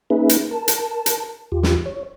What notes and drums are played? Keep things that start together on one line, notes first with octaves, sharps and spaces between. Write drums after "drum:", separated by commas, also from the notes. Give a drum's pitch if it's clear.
A#3 C#4 D#4 G#4 B4 E5
drum: hi-hat
A#4 A5
drum: hi-hat
drum: hi-hat
E2 F4 G4
drum: snare
C#5